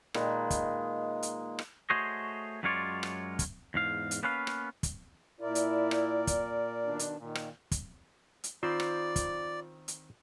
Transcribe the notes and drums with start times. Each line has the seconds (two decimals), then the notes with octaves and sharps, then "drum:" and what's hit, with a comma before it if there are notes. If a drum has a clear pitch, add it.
0.14 A#2 D#3 G#3 B4, drum: rim click
0.50 drum: kick, hi-hat
1.23 drum: hi-hat
1.59 drum: rim click
1.90 A3 F#4 G#4 C5 C#5 D#5
2.63 F#2 F#3 G#3 F4 C#5 D5
3.03 drum: rim click
3.39 drum: kick, hi-hat
3.74 E2 G#2 F5
4.11 drum: hi-hat
4.23 A#3 B3 C#4 B4 F5
4.47 drum: rim click
4.83 drum: kick, hi-hat
5.41 A#2 E4 A#4 D5
5.55 drum: hi-hat
5.91 drum: rim click
6.27 drum: kick, hi-hat
6.86 B2 D#3 D4
6.99 drum: hi-hat
7.20 A#2 D#3
7.35 drum: rim click
7.71 drum: kick, hi-hat
8.44 drum: hi-hat
8.63 D#3 C4 F4 C5 D5
8.80 drum: rim click
9.16 drum: kick, hi-hat
9.88 drum: hi-hat